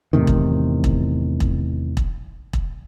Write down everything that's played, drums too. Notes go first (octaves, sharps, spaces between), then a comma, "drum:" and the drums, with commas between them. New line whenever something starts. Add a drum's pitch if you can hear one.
E2 A2 C3 D#3
drum: kick E1
drum: kick E1
drum: kick E1
drum: kick E1
drum: kick E1